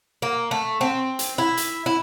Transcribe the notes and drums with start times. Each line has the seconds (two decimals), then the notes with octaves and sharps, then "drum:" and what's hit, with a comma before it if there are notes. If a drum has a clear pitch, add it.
0.22 A#3
0.51 A3
0.81 C4
1.19 drum: hi-hat
1.38 E4
1.57 drum: hi-hat
1.86 E4